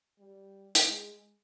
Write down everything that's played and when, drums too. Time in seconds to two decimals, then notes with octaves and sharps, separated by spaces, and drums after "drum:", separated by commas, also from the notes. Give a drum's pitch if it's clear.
0.20 G3
0.75 drum: hi-hat
0.86 G#3